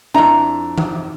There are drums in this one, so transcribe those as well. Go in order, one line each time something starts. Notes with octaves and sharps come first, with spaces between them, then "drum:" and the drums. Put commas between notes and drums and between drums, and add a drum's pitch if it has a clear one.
F2 D4 E4 A#5
drum: tom E3